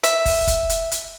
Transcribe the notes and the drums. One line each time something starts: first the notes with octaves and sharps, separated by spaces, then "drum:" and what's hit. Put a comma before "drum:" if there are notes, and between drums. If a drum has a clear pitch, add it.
E5, drum: hi-hat
drum: kick, open hi-hat
drum: kick, hi-hat
drum: hi-hat
drum: hi-hat